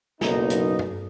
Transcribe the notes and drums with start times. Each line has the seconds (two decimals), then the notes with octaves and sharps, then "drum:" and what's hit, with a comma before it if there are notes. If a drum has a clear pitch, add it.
0.21 F#1 B1 A#2 A#3 D#4, drum: snare
0.50 drum: hi-hat
0.79 drum: tom G2